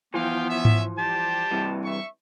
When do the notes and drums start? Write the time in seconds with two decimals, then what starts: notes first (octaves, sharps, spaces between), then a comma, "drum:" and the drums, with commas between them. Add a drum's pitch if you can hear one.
0.14 E3 F3 B3 F5 G5
0.49 C#4 E5
0.65 drum: tom G#2
0.98 G3 G4 C5 A5
1.51 G2 C3 E3
1.84 E5 C#6